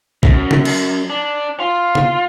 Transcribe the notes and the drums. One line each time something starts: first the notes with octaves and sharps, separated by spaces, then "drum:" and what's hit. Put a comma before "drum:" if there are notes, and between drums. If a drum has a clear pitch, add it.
F#2, drum: kick B1
drum: tom
drum: cymbal
D4
F4
drum: tom